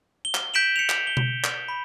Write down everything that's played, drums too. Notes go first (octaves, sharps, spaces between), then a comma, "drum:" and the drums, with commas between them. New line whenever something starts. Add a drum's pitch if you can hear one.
G7
drum: clap
G6 B6 D7 E7 F#7
C#7 F7
drum: clap
G7
drum: tom B2
drum: clap
B5